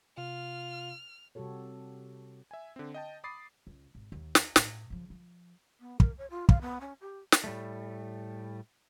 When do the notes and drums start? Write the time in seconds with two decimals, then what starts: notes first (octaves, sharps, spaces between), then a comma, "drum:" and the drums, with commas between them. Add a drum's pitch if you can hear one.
0.18 C3 F4 F6
1.35 C3 G3 F#4 G4 A4 C#5
2.51 E5 G#5
2.76 D3 C4
2.94 D#5 G5 A5
3.24 B5 D6 D#6 A6 C7
3.67 C#2
3.95 G#1
4.12 D#2
4.35 drum: snare
4.56 A2, drum: snare
4.90 C#3 F3
5.10 F3
5.80 B3
6.00 A#4, drum: kick
6.18 C#5
6.30 F4
6.49 F5, drum: kick
6.61 B3
6.81 C#4
7.01 G4
7.32 drum: snare
7.44 A2 G3 A3